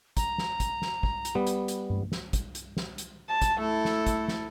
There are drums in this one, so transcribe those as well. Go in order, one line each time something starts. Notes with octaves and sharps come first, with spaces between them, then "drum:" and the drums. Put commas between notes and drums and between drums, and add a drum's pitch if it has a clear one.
A#5, drum: kick, hi-hat
drum: snare
drum: kick, hi-hat
drum: snare
drum: kick
drum: hi-hat
G3 B3
drum: hi-hat
drum: hi-hat
drum: tom G2
drum: snare
drum: kick, hi-hat
drum: hi-hat
drum: snare
drum: hi-hat
A5
drum: kick, hi-hat
A3 E4 A4
drum: snare
drum: kick, hi-hat
drum: snare